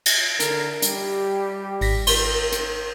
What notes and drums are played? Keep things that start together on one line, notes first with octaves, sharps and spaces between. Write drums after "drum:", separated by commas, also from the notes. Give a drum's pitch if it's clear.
drum: cymbal
D3 A#4, drum: hi-hat
G3 G4, drum: hi-hat
G#1 A#6 B6, drum: open hi-hat
drum: cymbal
drum: hi-hat